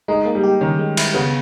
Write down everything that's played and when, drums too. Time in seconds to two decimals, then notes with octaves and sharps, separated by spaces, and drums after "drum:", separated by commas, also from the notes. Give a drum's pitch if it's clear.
0.08 G#3 D#4
0.25 A#3
0.35 G3
0.43 G4
0.61 D#3 C#4
0.79 G#3
0.97 E4, drum: cymbal
1.14 C#3 B3